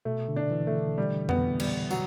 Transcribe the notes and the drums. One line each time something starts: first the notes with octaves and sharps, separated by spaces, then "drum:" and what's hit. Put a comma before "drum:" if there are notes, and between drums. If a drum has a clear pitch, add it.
B2 A3
D3
D4
E3
A3
D3
G3
B3, drum: tom F2
G3, drum: cymbal
F#3, drum: tambourine